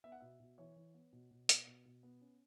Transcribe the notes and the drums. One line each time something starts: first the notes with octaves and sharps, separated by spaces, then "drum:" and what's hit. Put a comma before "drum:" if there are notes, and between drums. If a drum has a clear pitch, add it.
B3 E5
F#5
B2 E5
B2
E3 C#5
E3
B3
B2
B2
B3, drum: hi-hat
B2
B2
B3
C#4